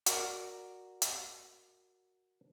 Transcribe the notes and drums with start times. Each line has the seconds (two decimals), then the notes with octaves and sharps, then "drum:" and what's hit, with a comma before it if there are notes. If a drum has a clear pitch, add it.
0.06 F#4 A#4 D5, drum: hi-hat
1.02 drum: hi-hat